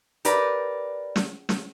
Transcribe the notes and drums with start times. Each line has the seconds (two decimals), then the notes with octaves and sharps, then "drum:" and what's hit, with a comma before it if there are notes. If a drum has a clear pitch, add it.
0.25 G4 A#4 B4 D5, drum: hi-hat
1.16 drum: snare
1.49 drum: snare